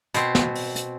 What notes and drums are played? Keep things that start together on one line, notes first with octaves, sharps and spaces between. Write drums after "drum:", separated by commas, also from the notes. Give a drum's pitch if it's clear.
B2 C4, drum: hi-hat
drum: snare
drum: open hi-hat
drum: hi-hat